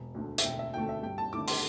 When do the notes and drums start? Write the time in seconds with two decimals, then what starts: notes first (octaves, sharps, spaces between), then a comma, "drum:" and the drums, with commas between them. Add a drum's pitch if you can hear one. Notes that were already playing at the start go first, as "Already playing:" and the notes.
Already playing: E1
0.15 D2 D3 A3
0.38 E5, drum: hi-hat
0.44 E1 G5
0.59 E5
0.74 D2 D3 A3 G5
0.89 E5
1.03 G2 G5
1.18 A5
1.33 D3 A3 E4 D6
1.48 C6, drum: open hi-hat